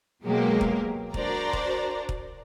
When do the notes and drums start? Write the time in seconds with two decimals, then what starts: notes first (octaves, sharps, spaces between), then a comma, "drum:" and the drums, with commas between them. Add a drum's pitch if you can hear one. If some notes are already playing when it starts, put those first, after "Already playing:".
0.24 B2 F#3 G#3 A#3 G4 A#4
0.61 drum: kick
1.14 D4 F#4 A#4 C5 D5 A#5, drum: kick
1.53 drum: kick
2.09 drum: kick